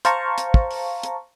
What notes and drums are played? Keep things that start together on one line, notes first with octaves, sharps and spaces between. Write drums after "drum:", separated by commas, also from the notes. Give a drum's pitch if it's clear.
C5 F5 A5 A#5 C#6, drum: hi-hat
drum: hi-hat
drum: kick
drum: open hi-hat
drum: hi-hat